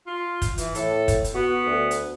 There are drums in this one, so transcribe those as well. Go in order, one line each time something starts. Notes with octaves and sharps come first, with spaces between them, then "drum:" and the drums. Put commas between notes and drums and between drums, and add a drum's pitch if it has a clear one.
F4
drum: kick, hi-hat
E3, drum: hi-hat
A2 A4, drum: hi-hat
drum: kick, hi-hat
drum: hi-hat
B3 F#4
D2
drum: hi-hat